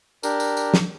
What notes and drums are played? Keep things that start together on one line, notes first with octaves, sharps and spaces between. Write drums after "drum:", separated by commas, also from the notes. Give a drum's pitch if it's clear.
D4 G4 A#4, drum: tambourine
drum: tambourine
drum: tambourine
drum: snare